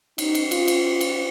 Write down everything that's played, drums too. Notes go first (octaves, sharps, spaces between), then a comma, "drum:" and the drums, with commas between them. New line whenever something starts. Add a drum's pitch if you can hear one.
D#4, drum: cymbal
drum: cymbal
F4, drum: cymbal
drum: cymbal
F4
drum: cymbal